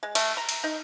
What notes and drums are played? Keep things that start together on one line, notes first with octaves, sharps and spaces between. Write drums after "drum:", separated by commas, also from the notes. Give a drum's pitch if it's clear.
G#3
A3, drum: cymbal
A#5
drum: cymbal
D#4